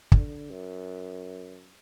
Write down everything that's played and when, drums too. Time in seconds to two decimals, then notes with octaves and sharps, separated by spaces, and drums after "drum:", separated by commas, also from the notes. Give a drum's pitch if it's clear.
0.12 D3, drum: kick
0.51 F#2